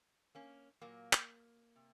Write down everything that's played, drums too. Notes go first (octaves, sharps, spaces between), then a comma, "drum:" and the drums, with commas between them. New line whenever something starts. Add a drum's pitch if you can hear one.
A#3 C#4
A#2 F#3 A#3
drum: clap
C3